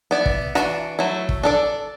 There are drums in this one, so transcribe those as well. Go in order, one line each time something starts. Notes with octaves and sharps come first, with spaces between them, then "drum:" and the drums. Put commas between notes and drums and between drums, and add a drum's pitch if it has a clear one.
B3 E4 D5
drum: kick
E3 D4 F#4, drum: rim click
F#3 A3 E4
drum: kick
D4 A4 D5